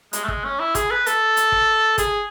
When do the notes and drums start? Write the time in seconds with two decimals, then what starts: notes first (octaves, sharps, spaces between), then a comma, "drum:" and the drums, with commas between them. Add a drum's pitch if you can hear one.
0.13 G#3, drum: hi-hat
0.24 A3
0.28 G#3, drum: kick
0.44 C#4
0.59 E4
0.75 G#4, drum: kick, hi-hat
0.91 B4
1.06 A4, drum: hi-hat
1.37 drum: hi-hat
1.52 drum: kick
1.98 G#4, drum: kick, hi-hat